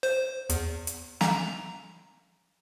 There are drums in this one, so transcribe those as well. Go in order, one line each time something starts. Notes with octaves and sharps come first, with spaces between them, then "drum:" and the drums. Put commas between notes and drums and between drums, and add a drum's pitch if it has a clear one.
C5
E2, drum: hi-hat
drum: hi-hat
A#5, drum: snare